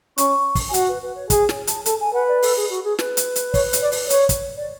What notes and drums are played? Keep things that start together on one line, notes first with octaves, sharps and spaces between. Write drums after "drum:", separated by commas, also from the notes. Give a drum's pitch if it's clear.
C#4 C#6, drum: hi-hat
drum: kick, open hi-hat
G#5
F#4 F#5, drum: hi-hat
B4
B4
C#5
G#4, drum: kick, hi-hat
C#5, drum: snare
A5, drum: hi-hat
A4 A5, drum: hi-hat
G#5
B4 F#5
D5
A4, drum: open hi-hat
G#4
F#4
G#4
B4, drum: snare
drum: hi-hat
drum: hi-hat
C#5, drum: kick, open hi-hat
drum: hi-hat
D5
drum: open hi-hat
C#5, drum: hi-hat
drum: kick, hi-hat
D5